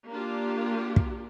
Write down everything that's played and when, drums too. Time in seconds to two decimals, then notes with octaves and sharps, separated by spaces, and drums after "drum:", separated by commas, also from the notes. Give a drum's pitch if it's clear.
0.11 A#3 D4 F4 G4
0.96 drum: kick